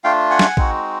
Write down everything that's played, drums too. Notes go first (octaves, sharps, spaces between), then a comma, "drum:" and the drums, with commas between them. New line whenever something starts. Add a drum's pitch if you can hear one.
A3 D4 F4 F5 G5
F#5 G#5
drum: snare
G#3 C4 D#4 F#4, drum: kick A1